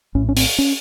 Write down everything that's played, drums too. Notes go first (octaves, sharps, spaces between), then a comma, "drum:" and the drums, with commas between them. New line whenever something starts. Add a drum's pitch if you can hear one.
A#1 A2 C#4
C#4
C4, drum: open hi-hat
C#4